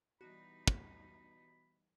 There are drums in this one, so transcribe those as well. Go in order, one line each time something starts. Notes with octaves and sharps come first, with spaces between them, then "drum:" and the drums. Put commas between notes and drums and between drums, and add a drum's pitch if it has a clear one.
B2 E3 G3 D#4 F#4 B5
drum: kick